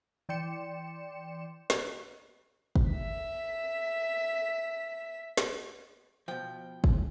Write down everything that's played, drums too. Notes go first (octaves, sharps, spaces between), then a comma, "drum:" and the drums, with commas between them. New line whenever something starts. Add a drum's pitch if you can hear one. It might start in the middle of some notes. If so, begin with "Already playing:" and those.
E3 D5 G5 C6 C#7 E7
drum: snare
drum: kick
E5 B6
drum: snare
B2 F3 G5
drum: kick